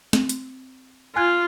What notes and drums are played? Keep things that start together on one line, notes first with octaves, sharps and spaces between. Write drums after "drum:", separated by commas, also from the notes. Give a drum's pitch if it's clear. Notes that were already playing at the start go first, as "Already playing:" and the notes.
C4, drum: snare
drum: hi-hat
F4 G#5 F#6 G#6